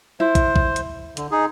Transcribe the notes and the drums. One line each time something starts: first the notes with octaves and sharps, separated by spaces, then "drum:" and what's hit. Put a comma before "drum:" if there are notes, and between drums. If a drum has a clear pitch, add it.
E4 C5
drum: kick, hi-hat
drum: kick
drum: hi-hat
D3, drum: hi-hat
D#4 G#4